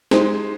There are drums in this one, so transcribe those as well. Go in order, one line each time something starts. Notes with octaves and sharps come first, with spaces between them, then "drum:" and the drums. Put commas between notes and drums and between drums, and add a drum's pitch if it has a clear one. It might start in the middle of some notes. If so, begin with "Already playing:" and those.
G#3 D#4 G4 C5, drum: snare